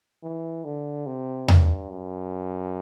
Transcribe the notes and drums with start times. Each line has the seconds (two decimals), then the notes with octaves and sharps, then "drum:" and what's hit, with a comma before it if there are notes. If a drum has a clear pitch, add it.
0.23 E3
0.65 D3
1.06 C3
1.48 G2, drum: tom E2
1.90 F#2